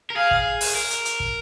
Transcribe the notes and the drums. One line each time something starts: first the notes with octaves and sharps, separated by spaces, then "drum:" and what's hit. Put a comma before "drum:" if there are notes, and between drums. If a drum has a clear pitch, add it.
A#4
G#4 F5
drum: kick
drum: open hi-hat
A#4
drum: hi-hat
drum: hi-hat
drum: kick